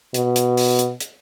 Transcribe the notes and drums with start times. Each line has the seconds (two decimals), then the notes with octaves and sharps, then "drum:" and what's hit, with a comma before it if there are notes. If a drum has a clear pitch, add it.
0.14 B2, drum: hi-hat
0.36 drum: hi-hat
0.57 drum: open hi-hat
0.79 drum: hi-hat
1.00 drum: hi-hat